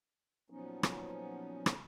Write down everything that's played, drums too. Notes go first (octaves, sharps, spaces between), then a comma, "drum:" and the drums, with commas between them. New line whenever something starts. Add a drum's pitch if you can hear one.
A#2 F3 F#3 B3 C#4 D#4
drum: rim click
drum: rim click